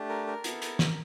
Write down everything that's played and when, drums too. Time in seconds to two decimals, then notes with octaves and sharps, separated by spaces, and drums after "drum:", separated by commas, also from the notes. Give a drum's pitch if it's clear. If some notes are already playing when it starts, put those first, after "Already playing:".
Already playing: A3 D4 G4
0.09 A#4
0.27 A#4
0.44 B3 E4 A4, drum: hi-hat
0.62 drum: hi-hat
0.79 drum: snare